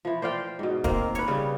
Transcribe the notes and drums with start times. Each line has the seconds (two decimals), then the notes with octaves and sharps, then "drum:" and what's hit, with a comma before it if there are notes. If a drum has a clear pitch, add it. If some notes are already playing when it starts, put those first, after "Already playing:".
0.05 E3 F3
0.22 C5 D5 F5 G5
0.59 G#2 B2
0.84 D#3 A#3 C4, drum: kick, hi-hat
1.15 B4 C#5, drum: hi-hat
1.28 C#3 G3